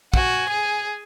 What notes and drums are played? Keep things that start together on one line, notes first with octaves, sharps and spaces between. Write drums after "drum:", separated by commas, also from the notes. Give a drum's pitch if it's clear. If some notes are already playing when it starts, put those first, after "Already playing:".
F#4 G#5, drum: kick
G#4